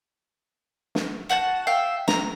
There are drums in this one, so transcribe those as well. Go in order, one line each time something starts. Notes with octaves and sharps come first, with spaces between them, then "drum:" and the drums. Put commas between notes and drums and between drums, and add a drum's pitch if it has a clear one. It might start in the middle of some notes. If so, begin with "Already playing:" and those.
drum: snare
F#4 F#5 G5 A5
E5 F5 G5
A#5, drum: snare